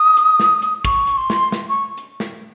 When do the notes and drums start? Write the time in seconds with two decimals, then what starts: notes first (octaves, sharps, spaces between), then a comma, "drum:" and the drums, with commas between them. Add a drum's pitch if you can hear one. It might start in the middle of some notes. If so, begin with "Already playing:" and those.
Already playing: D#6
0.17 drum: hi-hat
0.40 drum: snare
0.62 drum: hi-hat
0.85 C#6, drum: kick
1.07 drum: hi-hat
1.18 C6
1.30 drum: snare
1.52 drum: snare
1.69 C#6
1.97 drum: hi-hat
2.20 drum: snare